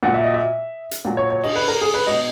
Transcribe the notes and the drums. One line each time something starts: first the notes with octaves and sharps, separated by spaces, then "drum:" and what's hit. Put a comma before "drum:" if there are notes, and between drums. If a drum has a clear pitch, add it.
A#2 F#3 F#5
E5
D#5
E5
drum: hi-hat
A#2 F#3
C#5
C#5
D#5, drum: cymbal
B4
A#4
G#4
B4
B2 F#3 D#5